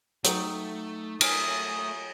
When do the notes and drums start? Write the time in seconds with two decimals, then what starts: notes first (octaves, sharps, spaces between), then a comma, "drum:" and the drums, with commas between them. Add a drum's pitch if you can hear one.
0.24 F#3 A3 D#4 G5, drum: hi-hat
1.21 A3 A#4 B4 D#5 G#5 D#6 E6, drum: cymbal